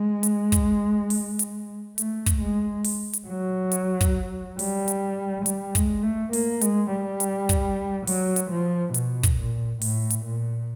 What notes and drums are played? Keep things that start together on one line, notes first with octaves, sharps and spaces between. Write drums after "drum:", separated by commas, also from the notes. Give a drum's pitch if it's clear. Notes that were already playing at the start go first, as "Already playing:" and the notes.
Already playing: G#3
drum: hi-hat
drum: kick, hi-hat
drum: open hi-hat
drum: hi-hat
A3, drum: hi-hat
drum: kick, hi-hat
G#3
drum: open hi-hat
drum: hi-hat
F#3
drum: hi-hat
drum: kick, hi-hat
G3, drum: open hi-hat
drum: hi-hat
G3, drum: hi-hat
G#3, drum: kick, hi-hat
A3
A#3, drum: open hi-hat
G#3, drum: hi-hat
G3
drum: hi-hat
drum: kick, hi-hat
F#3, drum: open hi-hat
drum: hi-hat
F3
B2, drum: hi-hat
drum: kick, hi-hat
A#2
A2, drum: open hi-hat
drum: hi-hat
A#2